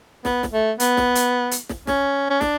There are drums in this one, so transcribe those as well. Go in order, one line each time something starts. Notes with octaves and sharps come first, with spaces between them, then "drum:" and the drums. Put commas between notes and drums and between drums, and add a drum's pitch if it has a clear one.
B3, drum: snare
drum: snare
A3
B3, drum: hi-hat
drum: snare
drum: hi-hat
drum: hi-hat
drum: snare
C#4, drum: snare
C#4
D4, drum: snare